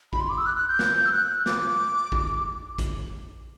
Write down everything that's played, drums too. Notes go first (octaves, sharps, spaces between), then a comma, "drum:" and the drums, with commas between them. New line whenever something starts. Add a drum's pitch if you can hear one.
B5, drum: kick A#1
C6
D6
E6
F#6
F#6
G6
drum: snare
E6
F#6
D6, drum: snare
drum: kick A#1
drum: kick A#1, hi-hat